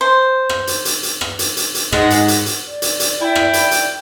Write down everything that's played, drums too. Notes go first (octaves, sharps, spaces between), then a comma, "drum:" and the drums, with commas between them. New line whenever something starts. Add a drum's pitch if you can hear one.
C5
drum: rim click
drum: hi-hat
drum: hi-hat
drum: hi-hat
drum: rim click
drum: hi-hat
drum: hi-hat
drum: hi-hat
G#2 G#3 D#4 F#5, drum: rim click
drum: hi-hat
drum: hi-hat
drum: hi-hat
D5
drum: hi-hat
drum: hi-hat
E4 G5
drum: rim click
drum: hi-hat
drum: hi-hat